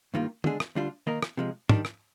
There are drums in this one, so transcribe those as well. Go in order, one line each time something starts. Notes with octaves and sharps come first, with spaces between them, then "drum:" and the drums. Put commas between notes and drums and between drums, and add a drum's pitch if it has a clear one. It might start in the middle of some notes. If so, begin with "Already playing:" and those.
G2 D#3 G3 A#3 F4
D3 G#3 D4 G#4, drum: tom
drum: rim click
D2 D3 G3 D4 F4
D#3 A#3 D#4 A#4
drum: rim click
C3 F3 G#3
D#3 G3 D4, drum: tom
drum: rim click